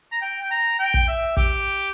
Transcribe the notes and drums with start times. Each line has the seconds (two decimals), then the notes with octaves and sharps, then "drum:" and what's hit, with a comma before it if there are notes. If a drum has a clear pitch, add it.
0.12 A#5
0.21 G5
0.42 G5
0.51 A#5
0.79 G5
0.94 drum: kick
1.08 E5
1.37 G4, drum: kick